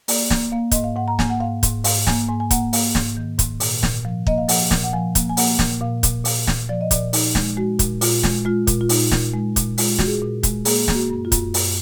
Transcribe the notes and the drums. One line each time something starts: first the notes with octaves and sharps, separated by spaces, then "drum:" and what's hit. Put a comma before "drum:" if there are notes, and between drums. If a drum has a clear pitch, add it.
A#3 D5, drum: open hi-hat
A#3, drum: snare
A#3 F5
G#2 D#5, drum: kick, hi-hat
F5
G#2 F#5
A#5
A#3 G#5, drum: snare
F#5
G#2 F5
G#2, drum: kick, hi-hat
G#2 F5, drum: open hi-hat
A#3 G#5, drum: snare
G#2 G#5
G#5
A#3 F#5, drum: kick, hi-hat
A#3 F5, drum: open hi-hat
G#2, drum: snare
D#3
G#2, drum: kick, hi-hat
A#2, drum: open hi-hat
A#2, drum: snare
F3
A#3 D#5, drum: kick
F5
F3 F#5, drum: open hi-hat
A#2, drum: snare
F#5
F3 G#5
A#3, drum: kick, hi-hat
G#5
A#3 F#5, drum: open hi-hat
A#2, drum: snare
A#2 F5
A#2, drum: kick, hi-hat
A#2 F5, drum: open hi-hat
A#2, drum: snare
F3 D5
D#5
A#2 D5, drum: kick, hi-hat
A#2 D#4, drum: open hi-hat
G#3, drum: snare
G#3 F#4
A#2, drum: kick, hi-hat
A#2 F4, drum: open hi-hat
G#3, drum: snare
G#3 F4
A#2, drum: kick, hi-hat
F4
A#2 D#4, drum: open hi-hat
A#2, drum: snare
G#3
A#2, drum: kick, hi-hat
G#3 F4, drum: open hi-hat
G#3 F#4, drum: snare
G#4
A#2
G#3, drum: kick, hi-hat
A#3 G#4, drum: open hi-hat
A#3, drum: snare
F#4
F#2
F4
F#2, drum: kick, hi-hat
F#2, drum: open hi-hat